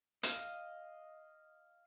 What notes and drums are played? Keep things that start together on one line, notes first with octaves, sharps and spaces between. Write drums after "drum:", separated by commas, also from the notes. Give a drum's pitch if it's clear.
D#5 F5, drum: hi-hat